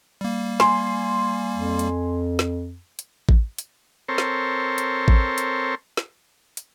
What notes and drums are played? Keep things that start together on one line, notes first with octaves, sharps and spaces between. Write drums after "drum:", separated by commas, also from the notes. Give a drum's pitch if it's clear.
G3 A#3
G#5 C6, drum: snare
F2
drum: hi-hat
drum: snare
drum: hi-hat
drum: kick A1
drum: hi-hat
C4 A4 A#4 C5 C#5
drum: snare
drum: hi-hat
drum: kick A1
drum: hi-hat
drum: snare
drum: hi-hat